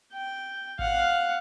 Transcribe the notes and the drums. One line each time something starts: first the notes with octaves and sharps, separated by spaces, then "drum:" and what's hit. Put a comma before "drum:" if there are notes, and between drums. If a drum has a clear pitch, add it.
G5
F5 F#5, drum: kick G#1